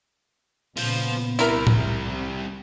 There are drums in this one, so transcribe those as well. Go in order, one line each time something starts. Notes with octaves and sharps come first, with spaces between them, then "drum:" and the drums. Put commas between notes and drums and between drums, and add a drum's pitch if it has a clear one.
A#2 C#3 B3 F4 C5, drum: open hi-hat
C2 C3 G3 E4 A#4, drum: tambourine
drum: tom